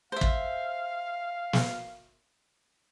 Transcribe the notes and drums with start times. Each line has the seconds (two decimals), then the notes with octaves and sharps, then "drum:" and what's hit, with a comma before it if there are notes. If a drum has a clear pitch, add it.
0.12 C5 E5 F5
0.21 drum: kick
1.53 drum: snare